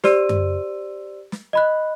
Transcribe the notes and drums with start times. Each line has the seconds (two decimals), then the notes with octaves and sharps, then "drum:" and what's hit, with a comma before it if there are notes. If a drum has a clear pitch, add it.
0.04 G4 C5 D5 C6 E6 D#7, drum: snare
0.29 drum: tom F#2
1.32 drum: snare
1.53 D#5 B5 F#6